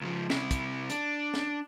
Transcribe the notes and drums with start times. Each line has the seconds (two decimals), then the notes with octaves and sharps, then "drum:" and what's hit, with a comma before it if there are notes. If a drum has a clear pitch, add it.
0.01 C#2 F3
0.30 C3 E4, drum: snare
0.51 drum: kick, hi-hat
0.90 D4, drum: hi-hat
1.34 drum: snare